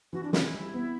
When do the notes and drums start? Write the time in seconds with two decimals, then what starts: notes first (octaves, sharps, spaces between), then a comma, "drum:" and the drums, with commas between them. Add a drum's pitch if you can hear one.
0.13 E3 F#4
0.24 D4
0.33 E3 E4, drum: snare
0.53 G3
0.73 B3